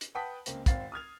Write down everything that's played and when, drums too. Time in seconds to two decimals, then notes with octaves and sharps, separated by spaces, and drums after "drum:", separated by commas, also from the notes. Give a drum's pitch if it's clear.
0.01 drum: hi-hat
0.15 B4 F#5 G5 A5 D#6 B6
0.46 C#2 A#3 C4, drum: hi-hat
0.66 G#1 C4 F5 A6 C7, drum: kick, hi-hat
0.92 D#6 F6 G#6 F7